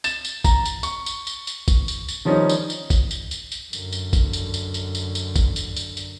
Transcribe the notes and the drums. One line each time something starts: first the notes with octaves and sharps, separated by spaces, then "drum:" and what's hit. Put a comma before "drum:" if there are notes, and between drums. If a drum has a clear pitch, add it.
A6 E7, drum: tambourine
drum: tambourine
A#5, drum: kick, tambourine
drum: tambourine
C#6, drum: tambourine
drum: tambourine
drum: tambourine
drum: tambourine
drum: kick, tambourine
drum: tambourine
drum: tambourine
D#3 F3 G3 C#4 D#4
drum: tambourine
drum: tambourine
drum: kick, tambourine
drum: tambourine
drum: tambourine
drum: tambourine
F#2 D3, drum: tambourine
drum: tambourine
drum: kick, tambourine
drum: tambourine
drum: tambourine
drum: tambourine
drum: tambourine
drum: tambourine
drum: kick, tambourine
drum: tambourine
drum: tambourine
drum: tambourine